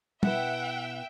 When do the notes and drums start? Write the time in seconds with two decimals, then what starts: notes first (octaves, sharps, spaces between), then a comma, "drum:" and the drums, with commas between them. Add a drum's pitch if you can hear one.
0.23 B2 E4 B4 E5 F#5 G5, drum: tom